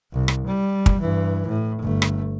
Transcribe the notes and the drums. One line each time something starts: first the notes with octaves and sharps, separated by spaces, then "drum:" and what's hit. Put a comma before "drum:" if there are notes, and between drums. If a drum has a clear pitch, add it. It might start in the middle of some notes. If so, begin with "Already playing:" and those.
C2
drum: rim click
G3
drum: kick
G2 E3
A2
G1 A3
drum: rim click